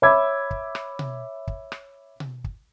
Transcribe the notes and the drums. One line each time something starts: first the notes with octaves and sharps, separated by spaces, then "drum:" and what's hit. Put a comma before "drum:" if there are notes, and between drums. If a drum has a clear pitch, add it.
C#5 E5 B5 D6 E6 G#6
drum: kick
drum: rim click
drum: tom B2
drum: kick
drum: rim click
drum: tom B2
drum: kick